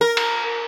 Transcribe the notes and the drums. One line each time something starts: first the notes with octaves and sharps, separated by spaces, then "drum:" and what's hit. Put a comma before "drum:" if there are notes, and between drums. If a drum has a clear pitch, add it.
A#4
drum: cymbal